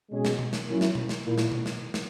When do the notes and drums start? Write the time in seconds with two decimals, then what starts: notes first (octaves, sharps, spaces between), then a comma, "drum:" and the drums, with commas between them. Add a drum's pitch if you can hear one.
0.10 B2 G#3 C#4 G#4
0.25 drum: snare
0.39 drum: tom B2
0.53 drum: snare
0.67 F#3 A#3 C#4 E4
0.81 drum: snare
0.95 drum: tom B2
1.09 drum: snare
1.24 A#2 A#3 E4
1.38 drum: snare
1.52 drum: tom B2
1.66 drum: snare
1.94 drum: snare